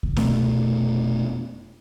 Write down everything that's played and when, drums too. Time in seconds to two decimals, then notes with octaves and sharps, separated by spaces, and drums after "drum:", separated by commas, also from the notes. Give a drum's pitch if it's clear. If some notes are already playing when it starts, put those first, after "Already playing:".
0.03 drum: kick C#2
0.17 F1 B2 A3 B3, drum: snare C4